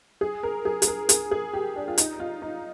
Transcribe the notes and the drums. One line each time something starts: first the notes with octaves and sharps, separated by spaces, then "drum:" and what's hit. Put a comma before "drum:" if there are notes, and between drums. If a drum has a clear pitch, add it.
G#4
A#4
G#4
G#4, drum: hi-hat
A#4
G#4, drum: hi-hat
G#4
G4
D4
F4
D#4, drum: hi-hat
F4
D#4